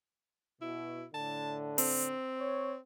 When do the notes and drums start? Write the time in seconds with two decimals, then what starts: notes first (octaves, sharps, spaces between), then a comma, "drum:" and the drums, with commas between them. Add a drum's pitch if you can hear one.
0.62 B2 E4
1.14 A2 D3 A5
1.78 C4, drum: open hi-hat
2.39 C#5